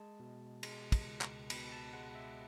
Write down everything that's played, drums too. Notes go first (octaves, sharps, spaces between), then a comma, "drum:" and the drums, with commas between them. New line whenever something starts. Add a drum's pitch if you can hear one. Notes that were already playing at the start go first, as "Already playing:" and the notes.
Already playing: G#3 A5
B2
G#3, drum: cymbal
drum: kick, cymbal
C#2
drum: clap
B2 B5, drum: cymbal
A5
G#3 F#5
E5